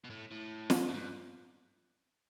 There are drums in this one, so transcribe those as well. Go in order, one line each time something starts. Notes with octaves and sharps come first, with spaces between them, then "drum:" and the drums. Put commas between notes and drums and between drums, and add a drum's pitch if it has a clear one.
B2
A2
A2
drum: snare
F#2
G2